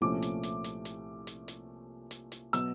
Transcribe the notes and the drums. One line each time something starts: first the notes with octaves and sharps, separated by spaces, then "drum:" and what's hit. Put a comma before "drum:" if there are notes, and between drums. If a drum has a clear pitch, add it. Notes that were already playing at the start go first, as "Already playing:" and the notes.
C2 A#2 F3 A3 C#4 D6
drum: hi-hat
drum: hi-hat
drum: hi-hat
drum: hi-hat
drum: hi-hat
drum: hi-hat
drum: hi-hat
drum: hi-hat
B2 F#3 B3 E6, drum: hi-hat